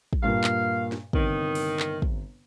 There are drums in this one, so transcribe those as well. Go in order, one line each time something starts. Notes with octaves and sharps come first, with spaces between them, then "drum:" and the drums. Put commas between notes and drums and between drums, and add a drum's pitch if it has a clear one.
drum: kick
G2 A#2 A#3 F5
drum: clap
drum: snare
G1 C3 D#3, drum: kick
drum: open hi-hat
drum: clap
drum: kick